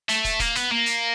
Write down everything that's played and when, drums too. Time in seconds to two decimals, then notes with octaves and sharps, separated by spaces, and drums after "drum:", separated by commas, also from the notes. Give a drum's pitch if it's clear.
0.09 A3, drum: hi-hat
0.25 drum: kick, hi-hat
0.40 A#3, drum: kick, hi-hat
0.55 B3, drum: hi-hat
0.71 A#3
0.86 drum: hi-hat